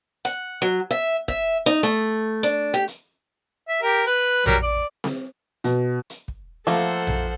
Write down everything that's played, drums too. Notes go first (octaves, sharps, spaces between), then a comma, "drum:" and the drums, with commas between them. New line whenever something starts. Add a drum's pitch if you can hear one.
F#5, drum: hi-hat
F#3
E5
E5, drum: kick
D#4
A3
D4, drum: hi-hat
G4
drum: hi-hat
E5
G4 A#4
B4
F#3 G3 A#4, drum: tom A#1
D5
drum: snare C4
B2, drum: hi-hat
drum: hi-hat
drum: kick
F3 A3 A#3 A4 C5 F#5
drum: tom A#1